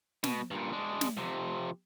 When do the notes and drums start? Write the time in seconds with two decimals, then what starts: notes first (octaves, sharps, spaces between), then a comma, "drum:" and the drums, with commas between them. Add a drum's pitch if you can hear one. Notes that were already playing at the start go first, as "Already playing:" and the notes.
0.24 B2, drum: snare
0.51 G2 A#2
0.72 G#3 D4
1.01 drum: snare
1.17 F2 C3